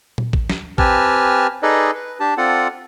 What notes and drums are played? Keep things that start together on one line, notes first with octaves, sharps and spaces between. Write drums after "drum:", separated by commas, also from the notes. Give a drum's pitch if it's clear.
drum: tom A#2
drum: kick
drum: snare
C4 G4 B4 G#5 A5 F6, drum: kick
D#4 G#4 A4 B4 D5 D#5
B4
D4 G4 A5
C4 F4 A4 D5 F#5